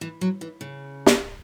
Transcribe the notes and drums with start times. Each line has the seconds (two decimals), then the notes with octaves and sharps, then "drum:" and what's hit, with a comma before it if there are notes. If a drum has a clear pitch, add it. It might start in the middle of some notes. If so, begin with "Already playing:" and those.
0.01 E3
0.21 F#3
0.41 E3
0.61 C#3
1.06 drum: snare